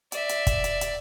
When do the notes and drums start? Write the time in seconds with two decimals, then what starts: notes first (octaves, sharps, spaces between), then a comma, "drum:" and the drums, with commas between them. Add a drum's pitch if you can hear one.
0.12 D5 E5, drum: hi-hat
0.29 drum: hi-hat
0.47 drum: kick, hi-hat
0.64 drum: hi-hat
0.81 drum: hi-hat